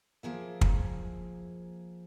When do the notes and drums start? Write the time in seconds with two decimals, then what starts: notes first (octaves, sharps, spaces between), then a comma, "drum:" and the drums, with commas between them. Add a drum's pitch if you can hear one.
0.23 F3 A#3 G#4 E5
0.61 drum: kick